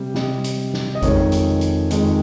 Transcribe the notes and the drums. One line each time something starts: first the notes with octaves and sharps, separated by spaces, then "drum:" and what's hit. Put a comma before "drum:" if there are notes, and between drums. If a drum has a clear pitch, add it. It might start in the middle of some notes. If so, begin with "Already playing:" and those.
Already playing: C3 G3
C3 G3 D#5, drum: snare
drum: hi-hat
drum: snare
D#5
F2 D#3 G#3 C#5, drum: kick G#1, hi-hat
drum: hi-hat
drum: hi-hat
F2 D#3 G#3, drum: hi-hat